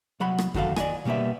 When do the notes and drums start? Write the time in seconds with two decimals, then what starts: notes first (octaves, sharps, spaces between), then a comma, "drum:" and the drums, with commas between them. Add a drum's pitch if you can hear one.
0.20 C2 F#3 F#5 B5
0.38 drum: rim click
0.54 D2 D#3 F#4 A4 F5, drum: kick F2
0.76 D5 D#5 G#5, drum: rim click
1.05 B2 G3 A#3 B3 E5